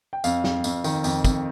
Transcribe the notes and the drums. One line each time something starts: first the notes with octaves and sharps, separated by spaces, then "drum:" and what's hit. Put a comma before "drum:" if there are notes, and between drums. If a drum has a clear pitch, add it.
G5
F2 F5, drum: tambourine
F2, drum: snare
F2, drum: tambourine
D#3, drum: tambourine
F2 G5, drum: tambourine
F2, drum: kick, tambourine